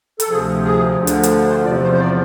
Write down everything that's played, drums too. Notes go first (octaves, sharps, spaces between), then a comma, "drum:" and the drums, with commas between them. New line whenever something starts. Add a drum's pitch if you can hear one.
A4, drum: hi-hat
D2 C3 F3 G#4
G#4
D2 D3 F3
drum: hi-hat
drum: hi-hat
C5
E2 C3 F3 D5
C5
C5
D5